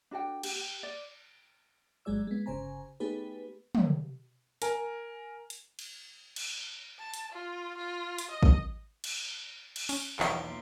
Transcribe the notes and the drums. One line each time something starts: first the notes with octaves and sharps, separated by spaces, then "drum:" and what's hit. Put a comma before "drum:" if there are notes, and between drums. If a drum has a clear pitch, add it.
D4 F#4 A4 G5
G4, drum: cymbal
G4
D5
G1 F#3 G#3 G#4 D5 E6
G#3 B3
G1 C#3 C5 G#5 A#5
A3 B3 D#4 G4 G#4 B4
drum: tom
A#4 G#5, drum: hi-hat
drum: hi-hat
drum: cymbal
drum: cymbal
A5
drum: hi-hat
F4
F4
drum: hi-hat
D#5
drum: kick
drum: cymbal
drum: cymbal
C#4, drum: open hi-hat
B1 E2 F3 E5 G5 C#6, drum: clap
A#3 F4 E5